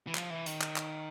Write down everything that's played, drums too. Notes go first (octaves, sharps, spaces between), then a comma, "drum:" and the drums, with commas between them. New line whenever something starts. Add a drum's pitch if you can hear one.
E3
F3, drum: clap
E3
D#3, drum: hi-hat
drum: clap
drum: clap